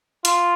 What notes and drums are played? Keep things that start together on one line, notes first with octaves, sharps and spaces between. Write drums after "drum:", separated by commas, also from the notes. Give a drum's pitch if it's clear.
F4, drum: hi-hat